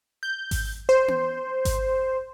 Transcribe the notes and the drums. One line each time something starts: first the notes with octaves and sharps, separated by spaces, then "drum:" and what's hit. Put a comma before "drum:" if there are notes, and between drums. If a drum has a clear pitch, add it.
G6
drum: kick G#1, open hi-hat
C5
drum: tom B3
drum: kick G#1, hi-hat